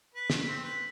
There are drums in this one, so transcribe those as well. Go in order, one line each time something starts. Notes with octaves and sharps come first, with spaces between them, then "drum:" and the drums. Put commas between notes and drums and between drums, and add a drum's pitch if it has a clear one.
B4
drum: snare
C4
B4